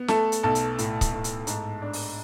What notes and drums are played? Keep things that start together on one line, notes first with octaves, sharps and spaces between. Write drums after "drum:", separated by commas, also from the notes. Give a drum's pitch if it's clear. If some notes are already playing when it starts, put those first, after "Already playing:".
Already playing: B3
A3 A4, drum: snare
drum: hi-hat
B1 A4
drum: hi-hat
A2, drum: hi-hat
drum: kick C#1, hi-hat
A2
drum: hi-hat
G#2, drum: hi-hat
D4
drum: open hi-hat